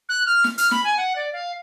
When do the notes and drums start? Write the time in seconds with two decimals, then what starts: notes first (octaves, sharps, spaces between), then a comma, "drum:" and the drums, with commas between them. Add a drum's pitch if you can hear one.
0.09 F#6
0.26 F6
0.44 drum: snare
0.58 F6, drum: hi-hat
0.71 B5, drum: snare
0.84 G#5
0.97 F#5
1.16 D5
1.33 F5